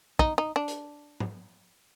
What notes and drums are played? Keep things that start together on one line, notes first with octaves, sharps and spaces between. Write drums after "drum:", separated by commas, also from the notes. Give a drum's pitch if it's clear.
D#4, drum: kick
D#4
D4
drum: hi-hat
drum: tom G#2